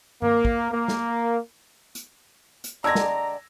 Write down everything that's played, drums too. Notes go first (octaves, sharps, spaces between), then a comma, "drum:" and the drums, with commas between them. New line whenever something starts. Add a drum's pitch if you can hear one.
A#3, drum: tom G2
drum: kick
A#3
drum: snare
drum: hi-hat
drum: hi-hat
D3 G#3 D5 A#5 E6 G#6 A#6
drum: snare